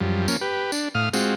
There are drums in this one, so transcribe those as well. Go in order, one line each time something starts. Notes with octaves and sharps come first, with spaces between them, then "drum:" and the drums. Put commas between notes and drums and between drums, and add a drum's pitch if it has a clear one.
F#2 F3 G3
F3 A#3 C#4, drum: tambourine
G4 B4
D4, drum: tambourine
A2 F5 D#6 F6
G#3 C4 F4 F#4, drum: tambourine